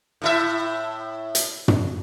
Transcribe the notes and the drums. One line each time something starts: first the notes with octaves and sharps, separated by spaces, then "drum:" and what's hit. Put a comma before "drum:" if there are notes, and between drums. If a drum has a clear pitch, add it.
A2 E4 E5
drum: hi-hat
drum: tom